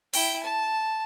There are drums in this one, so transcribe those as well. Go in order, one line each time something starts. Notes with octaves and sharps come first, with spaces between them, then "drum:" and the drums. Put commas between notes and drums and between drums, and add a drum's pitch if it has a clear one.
E4 G5, drum: open hi-hat
A5